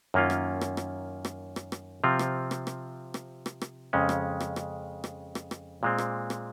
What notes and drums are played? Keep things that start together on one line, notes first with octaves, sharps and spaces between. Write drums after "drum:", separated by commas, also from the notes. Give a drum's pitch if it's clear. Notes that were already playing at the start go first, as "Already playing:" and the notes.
F#2 D#3 A#3 C#4 F4
drum: rim click
drum: rim click
drum: rim click
drum: rim click
drum: rim click
drum: rim click
C3 F3 C4 F4
drum: rim click
drum: rim click
drum: rim click
drum: rim click
drum: rim click
drum: rim click
F2 C#3 G#3 C#4
drum: rim click
drum: rim click
drum: rim click
drum: rim click
drum: rim click
drum: rim click
A#2 G#3 C4
drum: rim click
drum: rim click